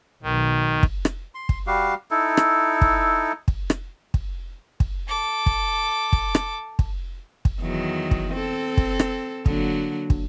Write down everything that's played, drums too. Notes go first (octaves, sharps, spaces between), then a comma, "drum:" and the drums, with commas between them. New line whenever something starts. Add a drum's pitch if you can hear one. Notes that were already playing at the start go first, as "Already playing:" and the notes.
B1 D#3
drum: kick
drum: rim click
C6
drum: kick
G3 F#4 G4 F5
D#4 E4 A4
drum: rim click
drum: kick
drum: kick
drum: rim click
drum: kick
drum: kick
A4 D6
drum: kick
drum: kick
drum: rim click
drum: kick
drum: kick
E2 D#3 F#3
drum: kick
C4 A4
drum: kick
drum: rim click
D3 F#3 A#3, drum: kick
drum: kick